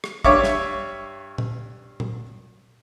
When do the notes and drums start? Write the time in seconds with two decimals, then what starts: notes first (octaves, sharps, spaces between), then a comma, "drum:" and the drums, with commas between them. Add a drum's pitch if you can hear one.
0.04 drum: rim click
0.24 G2 C#5 E5 C#6 D6, drum: kick
0.44 drum: snare
1.38 drum: tom A#2
2.00 drum: tom